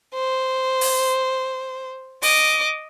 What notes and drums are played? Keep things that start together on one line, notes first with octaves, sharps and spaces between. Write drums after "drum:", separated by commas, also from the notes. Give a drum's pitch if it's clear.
C5
drum: open hi-hat
D#5 D6, drum: open hi-hat